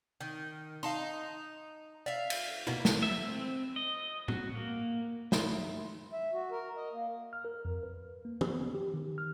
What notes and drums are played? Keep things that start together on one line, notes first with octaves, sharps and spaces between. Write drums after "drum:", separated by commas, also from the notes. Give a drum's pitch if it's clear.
D#3
D#4 F5 A5 C6
D5 E5 F5
drum: cymbal
B2 A#3 B3 E4
drum: snare
E5
C4
D#5
F#4, drum: tom A2
A#3
G2 F#3 D#4 E5 B5 C6, drum: snare
E5
F#4
A#4
D#5
A#3
F6
A#4
F2
B4
A#3
F3, drum: tom
B3
G4
D#3
F6